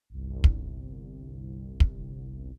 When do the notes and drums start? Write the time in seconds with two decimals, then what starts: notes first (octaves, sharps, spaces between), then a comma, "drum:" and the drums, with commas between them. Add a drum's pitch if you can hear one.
0.10 G1 C2
0.44 drum: kick
1.80 drum: kick